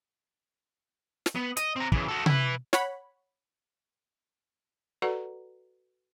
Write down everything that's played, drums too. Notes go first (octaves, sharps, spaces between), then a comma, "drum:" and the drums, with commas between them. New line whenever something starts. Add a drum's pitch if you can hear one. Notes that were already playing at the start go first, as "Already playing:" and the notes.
drum: snare
B3
D#5, drum: hi-hat
C4 A#5
C#3 E3, drum: kick
F#4 A4
E4 B4, drum: tom C3
C#5 F#5 B5, drum: snare
F#4 A4 B4 D5 F#5 A#5